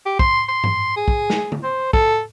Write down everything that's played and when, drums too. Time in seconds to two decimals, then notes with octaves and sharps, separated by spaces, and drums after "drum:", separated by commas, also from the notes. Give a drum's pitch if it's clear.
0.06 G4
0.19 C6, drum: kick
0.49 C6
0.64 drum: tom G2
0.97 G#4
1.08 drum: kick
1.30 drum: snare
1.52 drum: tom D3
1.64 C5
1.93 A4, drum: kick